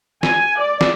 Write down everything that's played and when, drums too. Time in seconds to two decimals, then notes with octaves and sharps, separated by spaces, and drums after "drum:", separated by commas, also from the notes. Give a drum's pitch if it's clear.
0.23 G#5, drum: snare
0.59 D5
0.81 drum: snare